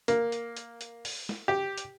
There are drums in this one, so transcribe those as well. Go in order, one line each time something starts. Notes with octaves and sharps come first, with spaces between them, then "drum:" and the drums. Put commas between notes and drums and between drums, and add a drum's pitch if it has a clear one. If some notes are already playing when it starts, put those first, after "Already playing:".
A#3, drum: hi-hat
drum: hi-hat
drum: hi-hat
drum: hi-hat
drum: open hi-hat
drum: snare
G4
drum: hi-hat